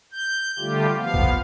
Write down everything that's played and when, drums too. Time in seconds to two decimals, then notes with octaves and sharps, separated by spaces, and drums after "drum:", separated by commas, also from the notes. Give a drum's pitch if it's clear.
0.12 G6
0.59 D3 G3 A3 F4 G4
0.97 F3 B3 F5
1.14 drum: kick A#1